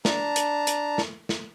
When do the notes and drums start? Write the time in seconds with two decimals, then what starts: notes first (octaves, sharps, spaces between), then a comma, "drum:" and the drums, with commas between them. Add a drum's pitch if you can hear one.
0.05 D4 A5 A#5, drum: snare
0.36 drum: hi-hat
0.67 drum: hi-hat
0.98 drum: snare
1.29 drum: snare